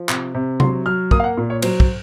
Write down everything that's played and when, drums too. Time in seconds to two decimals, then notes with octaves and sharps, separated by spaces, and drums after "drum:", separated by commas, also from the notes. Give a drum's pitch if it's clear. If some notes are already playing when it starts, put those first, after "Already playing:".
Already playing: F3
0.09 C3, drum: clap
0.34 C3
0.60 F#3 C6, drum: tom C3
0.86 F#3 F6
1.11 A#3 D#6, drum: kick
1.20 F5
1.24 F#5
1.37 A#2
1.50 C#5
1.62 F#3 C5, drum: cymbal
1.80 drum: kick